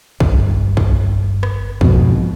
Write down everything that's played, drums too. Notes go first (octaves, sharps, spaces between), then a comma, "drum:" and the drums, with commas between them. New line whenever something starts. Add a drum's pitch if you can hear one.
G1, drum: kick B1
drum: kick B1
drum: rim click
F2 G#2 B2, drum: kick B1